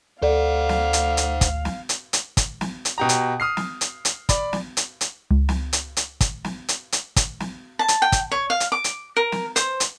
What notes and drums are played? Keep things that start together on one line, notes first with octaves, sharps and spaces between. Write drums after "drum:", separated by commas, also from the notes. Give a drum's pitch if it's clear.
D2 A4 C5 D5 F5 F#5
drum: snare
drum: hi-hat
drum: hi-hat
drum: kick, hi-hat
drum: snare
drum: hi-hat
drum: hi-hat
drum: kick, hi-hat
drum: snare
drum: hi-hat
B2 G4 A#5
drum: hi-hat
D#6 F6 C7
drum: snare
drum: hi-hat
drum: hi-hat
D5 B5, drum: kick, hi-hat
drum: snare
drum: hi-hat
drum: hi-hat
C#2
drum: snare
drum: hi-hat
drum: hi-hat
drum: kick, hi-hat
drum: snare
drum: hi-hat
drum: hi-hat
drum: kick, hi-hat
drum: snare
A5
drum: hi-hat
G5
drum: kick, hi-hat
C#5
F5
drum: hi-hat
D6
drum: hi-hat
A#4
drum: snare
C5, drum: hi-hat
drum: hi-hat